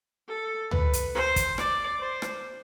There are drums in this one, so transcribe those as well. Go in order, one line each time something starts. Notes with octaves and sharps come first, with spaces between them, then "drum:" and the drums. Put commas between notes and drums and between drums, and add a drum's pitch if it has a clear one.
A4
B4, drum: tom
drum: hi-hat
C5
drum: kick, hi-hat
D5, drum: rim click
C5
drum: rim click